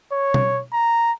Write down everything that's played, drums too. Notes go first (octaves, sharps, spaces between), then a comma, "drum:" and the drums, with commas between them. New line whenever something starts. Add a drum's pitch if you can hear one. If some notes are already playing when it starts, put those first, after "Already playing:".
C#5
drum: tom B2
A#5